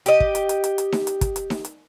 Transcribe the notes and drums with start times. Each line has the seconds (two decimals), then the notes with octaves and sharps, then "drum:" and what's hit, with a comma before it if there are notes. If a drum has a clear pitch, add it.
0.06 G4 D#5, drum: hi-hat
0.20 drum: kick
0.35 drum: hi-hat
0.49 drum: hi-hat
0.64 drum: hi-hat
0.78 drum: hi-hat
0.92 drum: snare D#4
1.07 drum: hi-hat
1.21 drum: kick, hi-hat
1.36 drum: hi-hat
1.50 drum: snare D#4
1.65 drum: hi-hat